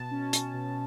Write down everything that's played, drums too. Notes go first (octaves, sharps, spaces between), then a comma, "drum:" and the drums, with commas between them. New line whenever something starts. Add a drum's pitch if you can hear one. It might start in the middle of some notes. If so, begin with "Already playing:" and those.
Already playing: B2 A5
C#4
C#4, drum: hi-hat
B2